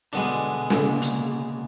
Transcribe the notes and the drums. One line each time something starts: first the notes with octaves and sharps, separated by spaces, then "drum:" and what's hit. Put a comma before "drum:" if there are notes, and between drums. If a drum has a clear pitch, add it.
B2 D3 G#3 B3 D4
C#3 A#3, drum: snare
drum: hi-hat